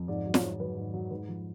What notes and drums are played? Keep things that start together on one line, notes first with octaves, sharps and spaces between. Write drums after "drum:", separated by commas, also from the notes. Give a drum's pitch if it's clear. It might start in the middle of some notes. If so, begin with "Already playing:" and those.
Already playing: F2
G#2 D5
F#3
C#5, drum: snare
G#2
F#3 B4
G#2
F#3
G#2 B4
F3